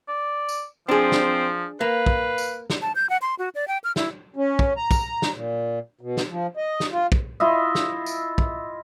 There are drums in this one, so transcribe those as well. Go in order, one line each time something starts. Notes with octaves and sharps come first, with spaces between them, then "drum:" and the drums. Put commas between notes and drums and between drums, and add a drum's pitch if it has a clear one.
D5
drum: tambourine
F3 C4 D4 G#4
drum: snare
A#3 B4 F5
drum: kick
drum: tambourine
drum: snare
A5
G6
F#5
C6
F#4
D5
G5
F6
E4, drum: snare
C#4
drum: kick
A#5
drum: kick, tambourine
drum: snare
A#2
B2
drum: snare
F3
D#5
drum: snare
F4
drum: kick
E4 F4 D#5 E5
drum: snare
drum: tambourine
drum: kick